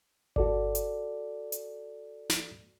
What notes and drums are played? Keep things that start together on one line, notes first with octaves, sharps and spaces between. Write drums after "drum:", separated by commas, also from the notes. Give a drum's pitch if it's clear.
F#4 A4 D5, drum: kick G1
drum: hi-hat
drum: hi-hat
drum: snare